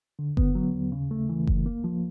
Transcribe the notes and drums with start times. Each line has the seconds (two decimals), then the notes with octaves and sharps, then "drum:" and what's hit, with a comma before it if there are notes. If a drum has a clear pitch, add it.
0.19 D3
0.37 B3, drum: kick F#1
0.55 F#3
0.74 D#2
0.92 C#3
1.11 A3
1.29 E3
1.47 C#2, drum: kick F#1
1.66 A#3
1.84 F3